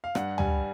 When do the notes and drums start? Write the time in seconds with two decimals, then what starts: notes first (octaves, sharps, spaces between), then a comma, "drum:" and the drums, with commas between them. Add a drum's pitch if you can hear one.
0.04 F5
0.15 G2 F#5, drum: rim click
0.38 G3 G#5, drum: tom